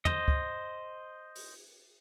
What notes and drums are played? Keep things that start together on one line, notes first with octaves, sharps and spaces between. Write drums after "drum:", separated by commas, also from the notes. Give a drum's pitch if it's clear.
C5 D#5, drum: tom
drum: kick
drum: open hi-hat